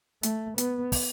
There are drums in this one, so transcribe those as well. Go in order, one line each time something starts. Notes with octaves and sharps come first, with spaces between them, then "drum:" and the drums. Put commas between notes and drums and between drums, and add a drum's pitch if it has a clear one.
A3, drum: hi-hat
B3, drum: hi-hat
drum: kick, open hi-hat